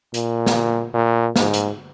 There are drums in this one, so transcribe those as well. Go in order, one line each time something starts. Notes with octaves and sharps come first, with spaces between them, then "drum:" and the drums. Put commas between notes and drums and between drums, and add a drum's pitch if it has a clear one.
A#2, drum: hi-hat
drum: snare
A#2
G#2, drum: snare
drum: hi-hat